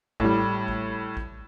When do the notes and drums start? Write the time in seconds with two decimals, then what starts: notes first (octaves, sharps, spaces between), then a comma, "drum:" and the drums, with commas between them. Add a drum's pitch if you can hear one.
0.20 A2 G3, drum: kick
0.68 drum: kick
1.17 drum: kick